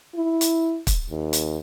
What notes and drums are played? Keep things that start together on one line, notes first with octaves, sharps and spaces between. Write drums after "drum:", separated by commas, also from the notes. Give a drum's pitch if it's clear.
E4
drum: hi-hat
drum: kick, hi-hat
D#2
drum: hi-hat